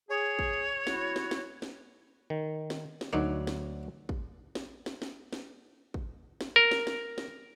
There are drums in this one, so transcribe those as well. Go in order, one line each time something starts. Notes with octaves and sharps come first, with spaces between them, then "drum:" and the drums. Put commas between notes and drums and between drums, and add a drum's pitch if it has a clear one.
G#4 C#5
drum: kick
F#3 E4 F#4, drum: snare
drum: snare
drum: snare
drum: snare
D#3
drum: snare
drum: snare
D2 F#3 A#3 D#4 D5
drum: snare
drum: kick
drum: snare
drum: snare
drum: snare
drum: snare
drum: kick
drum: snare
A#4
drum: snare
drum: snare
drum: snare